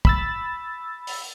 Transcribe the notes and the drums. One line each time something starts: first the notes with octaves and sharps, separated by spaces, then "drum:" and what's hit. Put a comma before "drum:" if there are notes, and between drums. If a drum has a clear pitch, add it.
B5 E6 A6, drum: kick
drum: open hi-hat